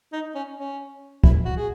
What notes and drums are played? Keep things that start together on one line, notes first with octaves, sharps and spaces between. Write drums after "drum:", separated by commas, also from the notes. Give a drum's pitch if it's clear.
D#4
C#4
C#4
E4, drum: kick
F#4
G#4